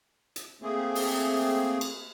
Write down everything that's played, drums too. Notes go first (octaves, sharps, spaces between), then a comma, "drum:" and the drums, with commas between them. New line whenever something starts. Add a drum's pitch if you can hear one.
drum: hi-hat
A3 A#3 C4 G#4
drum: open hi-hat
drum: cymbal